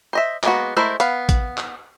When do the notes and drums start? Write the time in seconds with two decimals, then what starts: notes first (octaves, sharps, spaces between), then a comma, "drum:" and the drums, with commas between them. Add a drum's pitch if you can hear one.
0.13 C5 D#5 E5
0.43 G#3 A#3 B3 F#4, drum: clap
0.77 G#3 A3 E4 A#4 C5
1.00 B3 F5, drum: hi-hat
1.29 drum: kick, hi-hat
1.58 drum: clap